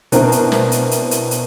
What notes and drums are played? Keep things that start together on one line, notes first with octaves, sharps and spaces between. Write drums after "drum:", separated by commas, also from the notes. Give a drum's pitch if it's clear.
B2 C4 D4 E4 A#4, drum: hi-hat
drum: hi-hat
drum: snare
drum: hi-hat
drum: hi-hat
drum: hi-hat
drum: hi-hat